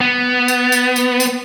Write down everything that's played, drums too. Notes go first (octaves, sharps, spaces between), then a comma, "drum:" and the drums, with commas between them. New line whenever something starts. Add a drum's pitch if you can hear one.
B3
drum: tambourine
drum: tambourine
drum: tambourine
drum: tambourine